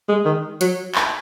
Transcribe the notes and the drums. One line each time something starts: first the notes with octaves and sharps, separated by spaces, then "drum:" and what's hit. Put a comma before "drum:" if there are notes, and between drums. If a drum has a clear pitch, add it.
G#3
D#3
F#3, drum: hi-hat
drum: clap